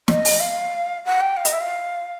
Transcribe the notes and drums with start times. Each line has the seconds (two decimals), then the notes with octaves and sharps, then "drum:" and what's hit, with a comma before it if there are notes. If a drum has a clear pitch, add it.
0.08 D#5, drum: snare
0.25 drum: open hi-hat
0.40 F5
1.05 F#5
1.20 G5
1.36 F5
1.45 D#5, drum: hi-hat
1.52 E5
1.60 F5